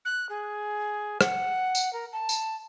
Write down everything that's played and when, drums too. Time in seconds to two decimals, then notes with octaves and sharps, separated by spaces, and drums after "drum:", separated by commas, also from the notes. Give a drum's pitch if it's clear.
0.05 F#6
0.29 G#4
1.21 F#5, drum: rim click
1.75 drum: tambourine
1.93 A#4
2.13 A5
2.29 drum: tambourine